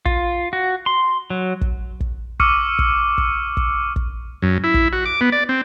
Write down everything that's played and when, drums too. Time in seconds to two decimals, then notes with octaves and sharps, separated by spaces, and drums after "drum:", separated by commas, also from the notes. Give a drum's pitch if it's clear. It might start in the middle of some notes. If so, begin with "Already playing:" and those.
0.06 F4, drum: kick
0.53 F#4
0.86 C6
1.30 F#3
1.61 drum: kick
2.00 drum: kick
2.40 C#6 D6 E6 F6 C#7 D#7, drum: kick
2.79 drum: kick
3.18 drum: kick
3.57 drum: kick
3.96 drum: kick
4.42 F#2
4.64 E4
4.74 drum: kick
4.93 F#4
5.06 D6
5.21 B3
5.32 D5
5.49 C4